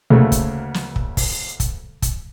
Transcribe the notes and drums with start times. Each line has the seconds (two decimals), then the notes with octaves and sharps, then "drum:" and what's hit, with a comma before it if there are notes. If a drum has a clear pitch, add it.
0.10 D2 C#3 F#3 A3 A#3
0.32 drum: kick, hi-hat
0.74 drum: snare
0.96 drum: kick
1.17 drum: kick, open hi-hat
1.60 drum: kick, hi-hat
2.02 drum: kick, hi-hat